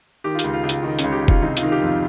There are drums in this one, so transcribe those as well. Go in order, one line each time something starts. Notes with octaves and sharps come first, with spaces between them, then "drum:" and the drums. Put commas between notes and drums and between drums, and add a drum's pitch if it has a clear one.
D#3 G4
F4
C#2 G4, drum: hi-hat
F4
C#2
F4, drum: hi-hat
D#3 D#4
C#2 C#4, drum: hi-hat
G4
C#2
F4, drum: kick
C3 D#4
F4, drum: hi-hat
D#3
F4
G4
F2 F4